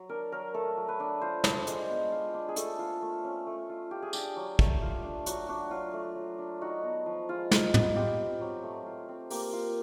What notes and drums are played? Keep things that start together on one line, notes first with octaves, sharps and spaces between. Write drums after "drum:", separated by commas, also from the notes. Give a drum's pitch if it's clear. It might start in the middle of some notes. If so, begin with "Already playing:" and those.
Already playing: F#3
D4 A#4
F#3 A#4
A3 A4
F#3
B4
D4
F4 C5
D4, drum: snare
G#3, drum: hi-hat
B3
F4
D4
G#4
A3 A4, drum: hi-hat
F4
A3
C#4
A3
F4
F4 G4
G#4
D4 G4, drum: tambourine
F#3
A3, drum: kick
F4
D4
F#3 F#4, drum: hi-hat
D4 F#4
F#3 F4
A3
F#3
D4
D#4 F#4
B3
F3
G#3 F4
D#4, drum: snare
B3, drum: tom
F4 G4
C4
F#3
A3
F4
C4
A#3 G4, drum: open hi-hat
F4